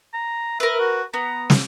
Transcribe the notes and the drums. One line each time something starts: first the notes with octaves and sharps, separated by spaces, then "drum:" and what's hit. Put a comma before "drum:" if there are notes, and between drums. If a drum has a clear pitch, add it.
A#5
A#4 B4 E5
F#4
B3 A#5
drum: snare